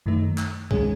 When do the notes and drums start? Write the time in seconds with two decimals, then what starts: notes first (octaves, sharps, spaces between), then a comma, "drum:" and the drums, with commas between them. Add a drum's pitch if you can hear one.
0.06 F#2 D#3 A3 D#4
0.38 drum: clap
0.71 D#3 G#3 C#4 G#4, drum: kick C#2